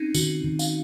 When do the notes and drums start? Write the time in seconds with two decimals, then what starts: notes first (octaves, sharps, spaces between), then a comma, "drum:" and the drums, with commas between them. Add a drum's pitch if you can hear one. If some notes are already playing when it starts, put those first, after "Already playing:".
Already playing: C4 C#4 D#4
0.15 D#3 F#4, drum: tambourine
0.44 D#3
0.59 F5, drum: tambourine